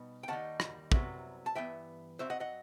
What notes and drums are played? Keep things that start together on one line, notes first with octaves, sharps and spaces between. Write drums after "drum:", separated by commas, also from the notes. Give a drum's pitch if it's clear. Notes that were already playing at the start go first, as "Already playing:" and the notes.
Already playing: B2 G3 B3 D#4
G5
D#2 D#3 G3 D#4 F#5 A5
drum: rim click
C2 C3 F#3 B3, drum: kick
A5
G2 E3 B3 E5 G5
G2 F#3 C4 C5 E5
D#5 F#5
D#5 F#5